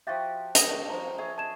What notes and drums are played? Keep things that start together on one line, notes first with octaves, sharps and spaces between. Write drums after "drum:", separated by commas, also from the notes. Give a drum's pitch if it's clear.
F3 F#4 G4 E5 F5 A6
D#6 A#6, drum: hi-hat
F3 C5 A#5
G#4 C#5 E5
D#5 A5 G#6 E7